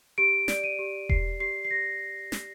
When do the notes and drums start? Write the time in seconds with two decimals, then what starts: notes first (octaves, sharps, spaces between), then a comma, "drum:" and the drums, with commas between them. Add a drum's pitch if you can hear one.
0.18 G4 D7
0.48 D5, drum: snare
0.64 D#7
0.79 G4
1.09 G4 C7, drum: kick E1
1.40 G4 C7
1.65 C7
1.71 G4 A#6
2.32 drum: snare